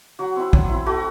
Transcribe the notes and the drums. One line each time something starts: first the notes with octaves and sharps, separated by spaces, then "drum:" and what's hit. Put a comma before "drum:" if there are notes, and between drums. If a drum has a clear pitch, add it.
F#3 F#4
C4 E4
F#3, drum: kick
C4 E4
A3 F#4